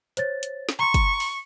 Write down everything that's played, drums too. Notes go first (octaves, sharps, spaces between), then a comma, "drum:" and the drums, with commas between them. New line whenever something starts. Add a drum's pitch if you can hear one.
C5 C#5 A6, drum: hi-hat
drum: hi-hat
drum: snare
A#5 C6 C#6
drum: kick, hi-hat
drum: open hi-hat